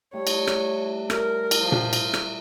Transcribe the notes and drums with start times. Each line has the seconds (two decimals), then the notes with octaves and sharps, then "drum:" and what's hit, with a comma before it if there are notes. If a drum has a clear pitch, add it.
0.13 G3 A3 E4 C#5
0.27 drum: cymbal
0.47 drum: rim click
1.10 A#4, drum: rim click
1.51 drum: cymbal
1.61 F3
1.72 drum: tom A#2
1.93 drum: cymbal
2.14 drum: rim click